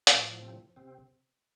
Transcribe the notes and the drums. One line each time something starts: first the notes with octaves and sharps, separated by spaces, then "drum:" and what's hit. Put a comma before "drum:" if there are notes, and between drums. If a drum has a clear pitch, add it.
A2 F3 A#3, drum: hi-hat
C3 C4
C3 C4